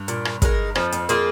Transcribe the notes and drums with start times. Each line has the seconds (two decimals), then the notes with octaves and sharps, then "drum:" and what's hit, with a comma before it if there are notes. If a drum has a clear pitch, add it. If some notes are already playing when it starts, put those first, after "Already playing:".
Already playing: G2
0.08 A#2, drum: hi-hat
0.25 drum: rim click
0.42 G#3 D#4 A#4, drum: kick, hi-hat
0.75 F2 F3, drum: rim click
0.92 F2, drum: hi-hat
1.09 A#3 F4 G#4, drum: hi-hat